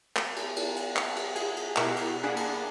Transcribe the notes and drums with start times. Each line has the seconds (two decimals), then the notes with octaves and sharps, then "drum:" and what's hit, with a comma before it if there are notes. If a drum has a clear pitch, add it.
0.16 drum: clap
0.36 drum: cymbal
0.56 drum: cymbal
0.76 drum: cymbal
0.96 drum: clap
1.16 drum: cymbal
1.36 G#4, drum: cymbal
1.56 drum: cymbal
1.76 B2 E4 G4 A#4 F#5 C7, drum: clap
1.96 drum: cymbal
2.23 A#3 D4 G#4 F#5 B5
2.36 drum: cymbal